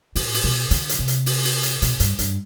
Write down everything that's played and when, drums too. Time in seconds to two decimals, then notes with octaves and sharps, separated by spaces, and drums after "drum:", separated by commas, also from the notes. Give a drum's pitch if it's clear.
0.15 A2, drum: open hi-hat
0.34 drum: open hi-hat
0.44 B2
0.71 D3, drum: hi-hat
0.89 drum: hi-hat
0.99 C3
1.08 drum: hi-hat
1.26 drum: open hi-hat
1.45 drum: open hi-hat
1.63 drum: hi-hat
1.82 B2, drum: hi-hat
2.00 G2, drum: hi-hat
2.19 G2, drum: hi-hat